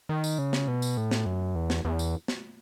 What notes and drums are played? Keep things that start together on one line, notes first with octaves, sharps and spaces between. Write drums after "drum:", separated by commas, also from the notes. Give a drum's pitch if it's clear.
D#3
drum: tambourine
C#3
drum: snare
B2
drum: tambourine
A2
drum: snare
F#2
E2
drum: snare
E2
drum: tambourine
drum: snare